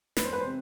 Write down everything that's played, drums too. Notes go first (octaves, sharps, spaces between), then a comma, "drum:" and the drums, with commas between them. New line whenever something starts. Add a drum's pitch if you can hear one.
E1 B4, drum: snare
C5
B4
C5
C3